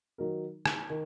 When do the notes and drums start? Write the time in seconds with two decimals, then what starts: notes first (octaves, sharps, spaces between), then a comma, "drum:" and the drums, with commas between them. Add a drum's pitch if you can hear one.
0.18 D#3 F#3 D#4 A#4
0.66 drum: rim click
0.90 D#3